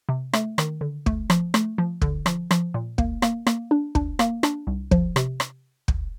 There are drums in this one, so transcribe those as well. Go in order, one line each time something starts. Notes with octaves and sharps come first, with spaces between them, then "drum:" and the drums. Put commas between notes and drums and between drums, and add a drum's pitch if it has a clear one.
C3
A3, drum: rim click
D#3, drum: rim click
D3
A3, drum: kick
F3, drum: rim click
A3, drum: rim click
F3
D3, drum: kick
F3, drum: rim click
F3, drum: rim click
A#2
A#3, drum: kick
A#3, drum: rim click
A#3, drum: rim click
D4
D4, drum: kick
A#3, drum: rim click
D4, drum: rim click
C2
F3, drum: kick
C3, drum: rim click
drum: rim click
drum: kick